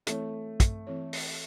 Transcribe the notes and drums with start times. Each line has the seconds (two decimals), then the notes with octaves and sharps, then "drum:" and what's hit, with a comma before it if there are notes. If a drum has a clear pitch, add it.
0.07 E3 A3 C4 E4 A4 C#5, drum: hi-hat
0.60 drum: kick, hi-hat
0.87 E3 C4 E4 A4 C#5
1.13 drum: open hi-hat